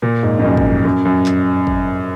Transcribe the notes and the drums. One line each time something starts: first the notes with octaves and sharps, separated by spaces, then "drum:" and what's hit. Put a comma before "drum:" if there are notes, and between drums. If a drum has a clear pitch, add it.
A#2
G#2
F2
F#2
drum: kick
F#2
F#2
drum: clap
drum: kick